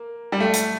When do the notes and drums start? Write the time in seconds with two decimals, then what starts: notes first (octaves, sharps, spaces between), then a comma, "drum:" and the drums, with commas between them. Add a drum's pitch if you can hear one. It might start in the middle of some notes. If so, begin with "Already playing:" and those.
Already playing: A#3
0.32 G3
0.40 A3
0.53 drum: hi-hat